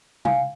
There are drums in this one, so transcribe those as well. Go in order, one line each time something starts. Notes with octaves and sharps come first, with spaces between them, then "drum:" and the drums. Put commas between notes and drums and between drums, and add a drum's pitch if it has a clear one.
F5 G#5, drum: tom C3